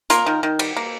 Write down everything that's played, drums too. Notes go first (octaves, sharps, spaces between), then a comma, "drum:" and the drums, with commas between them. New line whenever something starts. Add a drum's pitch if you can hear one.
A#3 F4 A#4, drum: hi-hat
D#3
D#3
G3, drum: cymbal
A#3